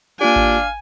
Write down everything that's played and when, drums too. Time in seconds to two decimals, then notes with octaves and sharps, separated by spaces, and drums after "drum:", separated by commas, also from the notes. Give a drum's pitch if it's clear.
0.21 A#3 D4 F4 G4 F5 G#5
0.36 drum: kick G#1